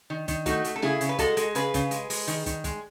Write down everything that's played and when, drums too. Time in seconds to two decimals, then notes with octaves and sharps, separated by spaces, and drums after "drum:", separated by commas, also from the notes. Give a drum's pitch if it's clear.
0.10 D#3
0.28 D#3, drum: kick, hi-hat
0.46 A3 D#4 F#4, drum: kick, hi-hat
0.64 A3, drum: hi-hat
0.76 A4
0.82 C#3 E4 G#4, drum: snare
1.01 C#3, drum: hi-hat
1.09 B4
1.19 G#3 F#4 A4, drum: kick, hi-hat
1.37 G#3, drum: hi-hat
1.55 C#3 G#4 B4, drum: hi-hat
1.74 C#3, drum: kick, hi-hat
1.91 G#3, drum: hi-hat
2.10 G#3, drum: open hi-hat
2.27 D#3, drum: hi-hat
2.46 D#3, drum: kick, hi-hat
2.64 G#3, drum: kick, hi-hat